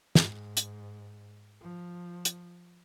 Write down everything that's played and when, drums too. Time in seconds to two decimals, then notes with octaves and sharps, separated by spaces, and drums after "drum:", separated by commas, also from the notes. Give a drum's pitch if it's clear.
0.15 G#2, drum: snare
0.57 drum: hi-hat
1.61 F3
2.25 drum: hi-hat